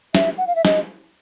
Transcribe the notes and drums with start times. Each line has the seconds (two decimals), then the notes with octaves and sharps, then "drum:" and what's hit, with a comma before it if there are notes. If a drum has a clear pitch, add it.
0.15 E5, drum: snare
0.38 F#5
0.47 F5
0.56 E5
0.65 D#5, drum: snare